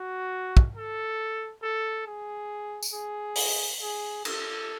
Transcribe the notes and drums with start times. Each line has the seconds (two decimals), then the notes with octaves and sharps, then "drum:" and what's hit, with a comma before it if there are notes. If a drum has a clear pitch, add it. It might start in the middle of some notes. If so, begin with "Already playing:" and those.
Already playing: F#4
0.57 drum: kick
0.76 A4
1.62 A4
2.06 G#4
2.83 drum: tambourine
2.93 G#4
3.35 drum: open hi-hat
3.81 G#4
4.25 A4, drum: cymbal